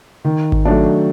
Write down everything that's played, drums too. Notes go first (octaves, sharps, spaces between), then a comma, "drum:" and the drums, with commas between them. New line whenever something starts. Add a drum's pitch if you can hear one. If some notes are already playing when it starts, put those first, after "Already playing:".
D#3
drum: kick G#1
F#3 A3 D4